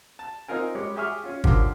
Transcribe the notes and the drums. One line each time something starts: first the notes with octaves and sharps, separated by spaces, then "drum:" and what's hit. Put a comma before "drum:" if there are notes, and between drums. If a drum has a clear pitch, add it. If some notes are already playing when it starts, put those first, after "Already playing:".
A5
C4 D#4 F4 A#4 G#5
G3 G#3 G4 C#5
G4 G#4 E5 G#5 C#6 F6
C#4 F4
D3 F3 C#4 F4 G4 A#4, drum: kick